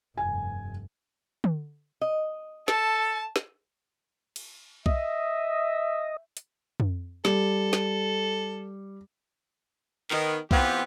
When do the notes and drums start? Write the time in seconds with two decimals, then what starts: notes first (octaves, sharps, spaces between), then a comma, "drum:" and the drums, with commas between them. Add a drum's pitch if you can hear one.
0.17 F1 G2 G#5
1.44 drum: tom
2.01 D#5
2.68 A4 A5, drum: snare
3.36 drum: snare
4.36 drum: cymbal
4.86 D#5 E5, drum: kick B1
6.37 drum: hi-hat
6.80 drum: tom
7.25 G3 A4, drum: snare
7.73 drum: snare
10.11 D#3 B3, drum: clap
10.51 E3 B3 C4 F4 G4, drum: kick B1